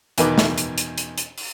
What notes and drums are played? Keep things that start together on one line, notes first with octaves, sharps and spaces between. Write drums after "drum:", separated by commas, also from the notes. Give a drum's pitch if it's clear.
E2 B2 D#3 D#4 B4 D6, drum: hi-hat
drum: snare
drum: hi-hat
drum: hi-hat
drum: hi-hat
drum: hi-hat
drum: open hi-hat